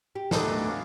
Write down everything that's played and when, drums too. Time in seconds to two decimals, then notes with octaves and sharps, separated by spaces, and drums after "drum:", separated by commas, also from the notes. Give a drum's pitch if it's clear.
0.15 G4
0.31 D#3 A3 B3 D4 D#4 A4, drum: snare
0.46 E3 F#4
0.65 C#5 F5